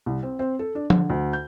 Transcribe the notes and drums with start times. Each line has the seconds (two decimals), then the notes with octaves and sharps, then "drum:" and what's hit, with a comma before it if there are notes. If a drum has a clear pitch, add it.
0.06 C2
0.23 C4
0.39 C4
0.59 A4
0.75 D4
0.90 D3, drum: tom
1.10 D2
1.33 G6